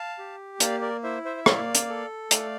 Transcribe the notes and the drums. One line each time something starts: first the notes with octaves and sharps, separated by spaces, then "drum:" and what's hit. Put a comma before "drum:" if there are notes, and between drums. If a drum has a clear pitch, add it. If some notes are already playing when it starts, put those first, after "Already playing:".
Already playing: F5 A5
G4
A#3 D5 F5, drum: hi-hat
A#4 D5
E4 C5 E5
C5 E5
E5
A#3 D5 F5, drum: rim click
drum: hi-hat
A4
A3 D5 F5, drum: hi-hat